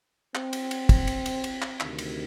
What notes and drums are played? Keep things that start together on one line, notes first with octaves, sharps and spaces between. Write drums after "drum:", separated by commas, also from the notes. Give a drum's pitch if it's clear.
C4, drum: clap
drum: cymbal
drum: cymbal
drum: kick, cymbal
drum: cymbal
drum: cymbal
drum: cymbal
drum: clap
D2 C3 D#3, drum: clap
drum: cymbal